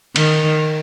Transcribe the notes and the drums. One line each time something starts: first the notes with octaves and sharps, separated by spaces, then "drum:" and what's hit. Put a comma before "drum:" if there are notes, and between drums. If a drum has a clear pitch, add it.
D#3, drum: cymbal